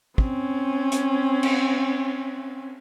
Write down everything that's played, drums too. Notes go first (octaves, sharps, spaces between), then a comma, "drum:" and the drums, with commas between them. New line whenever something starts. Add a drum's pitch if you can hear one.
C4 C#4, drum: kick
drum: hi-hat
drum: cymbal